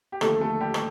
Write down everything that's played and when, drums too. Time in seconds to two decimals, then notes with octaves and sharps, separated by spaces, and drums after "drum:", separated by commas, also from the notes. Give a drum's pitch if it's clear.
0.12 G4
0.21 D#2 D3 F3 A3 A4, drum: rim click
0.41 A3 A4
0.61 G3 G4
0.74 drum: rim click